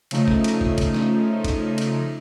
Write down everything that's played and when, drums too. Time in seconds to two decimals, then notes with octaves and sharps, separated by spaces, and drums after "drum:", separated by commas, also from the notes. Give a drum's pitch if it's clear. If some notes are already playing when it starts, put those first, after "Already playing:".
0.11 C#3 F3 A3 D#4, drum: cymbal
0.28 drum: kick
0.44 drum: cymbal
0.61 drum: kick
0.78 drum: kick, cymbal
0.94 drum: snare
1.45 drum: kick, cymbal
1.78 drum: cymbal